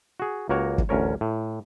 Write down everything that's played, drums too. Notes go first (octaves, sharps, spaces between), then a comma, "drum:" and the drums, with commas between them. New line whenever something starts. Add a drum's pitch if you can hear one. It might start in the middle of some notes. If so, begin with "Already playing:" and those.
F#4 G#4
C#2 A#3 F#4 A#4 C#5 A#5
drum: kick
A1 D2 C#4 A#4 C#5
A2